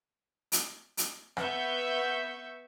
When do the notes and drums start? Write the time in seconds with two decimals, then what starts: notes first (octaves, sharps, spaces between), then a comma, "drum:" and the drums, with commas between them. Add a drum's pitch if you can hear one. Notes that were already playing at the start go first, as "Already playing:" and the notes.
0.52 drum: hi-hat
0.97 drum: hi-hat
1.37 B3 E5 C#6 G6, drum: rim click